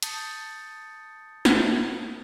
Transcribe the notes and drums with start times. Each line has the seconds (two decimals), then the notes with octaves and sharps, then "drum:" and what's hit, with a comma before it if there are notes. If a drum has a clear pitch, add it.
0.03 A5 D#6 G6 A6 C#7, drum: hi-hat
1.45 drum: snare